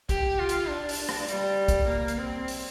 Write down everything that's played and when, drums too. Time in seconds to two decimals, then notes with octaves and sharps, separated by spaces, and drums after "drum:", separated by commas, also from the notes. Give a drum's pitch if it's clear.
0.09 G4, drum: kick, hi-hat
0.38 F4
0.49 drum: hi-hat
0.69 D4
0.89 drum: open hi-hat
1.09 drum: rim click
1.28 G3, drum: hi-hat
1.68 drum: kick, hi-hat
1.88 A#3
2.08 drum: hi-hat
2.18 C4
2.48 drum: open hi-hat